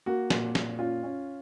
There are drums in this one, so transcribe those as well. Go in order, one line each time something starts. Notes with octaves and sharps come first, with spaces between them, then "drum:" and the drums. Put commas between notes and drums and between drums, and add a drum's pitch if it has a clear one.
A#3 F#4
A#2, drum: snare
A#2, drum: snare
C#4 F4
C#4